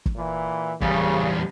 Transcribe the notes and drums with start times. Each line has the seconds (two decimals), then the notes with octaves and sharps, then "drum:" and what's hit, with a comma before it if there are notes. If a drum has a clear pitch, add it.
0.06 drum: kick G1
0.16 A#2 E3
0.81 E2 G2 C#3 G3, drum: kick G1